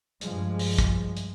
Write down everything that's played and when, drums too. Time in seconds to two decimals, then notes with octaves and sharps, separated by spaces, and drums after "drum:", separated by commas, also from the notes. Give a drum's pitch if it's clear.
0.21 G2 F3 G#3, drum: hi-hat
0.59 drum: open hi-hat
0.78 drum: kick, hi-hat
1.17 drum: hi-hat